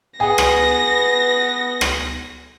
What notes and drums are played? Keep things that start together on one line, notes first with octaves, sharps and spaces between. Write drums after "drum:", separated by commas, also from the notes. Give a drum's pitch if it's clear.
B3 G#4 A#6
drum: rim click
drum: rim click